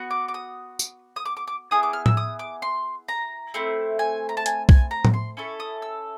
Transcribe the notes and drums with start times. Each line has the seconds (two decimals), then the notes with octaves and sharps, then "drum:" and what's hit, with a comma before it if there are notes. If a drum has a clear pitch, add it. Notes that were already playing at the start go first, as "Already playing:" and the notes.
Already playing: B3 F#4
0.10 D6
0.28 D6
0.34 D#6
0.79 drum: tambourine
1.16 D#6
1.25 D6
1.37 D6
1.47 D6
1.71 B3 E4 G#4 D#6
1.83 D6
1.93 F6
2.06 E6, drum: tom A2
2.17 D#6
2.39 D6
2.62 C6
3.08 A#5
3.54 A3 C4 E4
3.99 G#5
4.29 A#5
4.37 A5
4.46 G#5, drum: hi-hat
4.69 G#5, drum: kick B1
4.91 A#5
5.05 drum: tom A2
5.14 C6
5.37 C#4 E4 A4 C#6
5.60 D#6
5.82 E6